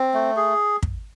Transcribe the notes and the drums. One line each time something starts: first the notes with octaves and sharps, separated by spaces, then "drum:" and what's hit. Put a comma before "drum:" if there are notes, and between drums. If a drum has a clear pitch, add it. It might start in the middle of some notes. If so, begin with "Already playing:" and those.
Already playing: C4
A3
G#4
drum: kick